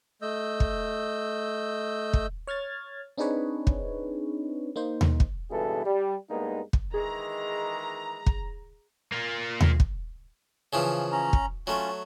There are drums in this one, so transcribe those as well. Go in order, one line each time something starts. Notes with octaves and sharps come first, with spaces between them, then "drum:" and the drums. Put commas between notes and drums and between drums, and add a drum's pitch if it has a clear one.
A3 D#5 E6 G6
drum: kick
drum: kick
C#5 F6 G#6 A6
C4 D4 D#4 G#4 B4 C#5
drum: kick
A#3 D#4 C5
drum: tom D#2
drum: kick
C#2 G2 B2 E3 G#4 A4
G3
G2 G#3 A#3 B3 D#4
drum: kick
D#3 E3 G#3 G#4 A#5
drum: kick
A#3 F4
drum: tom D#2
drum: kick
C#3 E3 F3
C#4 A#5
drum: kick
F#3 A3 C#4 F4